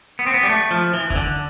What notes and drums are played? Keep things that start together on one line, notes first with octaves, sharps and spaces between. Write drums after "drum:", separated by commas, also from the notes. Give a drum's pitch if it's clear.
B3
C4
B3
G3
A3
F3
E3
E3, drum: kick D#2
D3